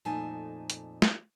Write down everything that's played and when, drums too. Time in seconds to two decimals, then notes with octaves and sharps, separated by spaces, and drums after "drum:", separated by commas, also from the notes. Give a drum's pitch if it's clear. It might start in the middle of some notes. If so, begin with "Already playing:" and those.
0.05 F2 A#2 A3 D#4 G#5 A5
0.70 drum: hi-hat
1.02 drum: snare